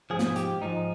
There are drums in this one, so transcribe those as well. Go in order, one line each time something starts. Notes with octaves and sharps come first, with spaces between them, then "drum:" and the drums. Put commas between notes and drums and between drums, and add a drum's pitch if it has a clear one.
G#2 F3 G#4
drum: snare
G4, drum: hi-hat
G#2 F3 D#4